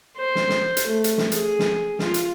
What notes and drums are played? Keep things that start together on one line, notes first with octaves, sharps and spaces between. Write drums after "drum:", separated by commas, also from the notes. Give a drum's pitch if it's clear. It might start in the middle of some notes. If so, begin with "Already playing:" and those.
C5
drum: snare
drum: snare
drum: hi-hat
A3
drum: hi-hat
drum: snare
G#4, drum: hi-hat
drum: snare
F4, drum: snare
drum: hi-hat